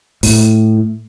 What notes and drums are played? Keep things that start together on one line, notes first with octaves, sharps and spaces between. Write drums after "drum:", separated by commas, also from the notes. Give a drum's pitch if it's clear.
A2, drum: open hi-hat